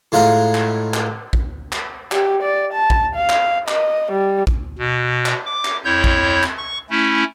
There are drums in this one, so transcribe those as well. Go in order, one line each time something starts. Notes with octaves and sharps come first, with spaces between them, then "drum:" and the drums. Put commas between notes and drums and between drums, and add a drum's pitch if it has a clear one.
A2 G#3 F4 F#5 A#5
drum: clap
drum: clap
drum: kick A#1
drum: clap
G4, drum: clap
D5
A5
drum: kick A#1
F5
drum: clap
D#5, drum: clap
G3
drum: kick A#1
B2
drum: clap
D6
drum: clap
F2 E4 C#5 G6
drum: kick A#1
drum: clap
C#6
A3 C#4 E4